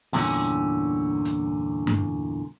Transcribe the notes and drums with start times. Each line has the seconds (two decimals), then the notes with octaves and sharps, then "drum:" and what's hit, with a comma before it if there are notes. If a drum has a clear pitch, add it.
0.13 E2 G2 A#2 D3 C#4, drum: open hi-hat
1.25 drum: hi-hat
1.87 drum: tom G2